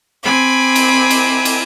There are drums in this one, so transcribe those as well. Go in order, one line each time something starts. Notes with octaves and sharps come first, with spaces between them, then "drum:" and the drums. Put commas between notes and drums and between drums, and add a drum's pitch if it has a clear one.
C4 G#5 B5 D6
drum: cymbal
drum: cymbal
drum: cymbal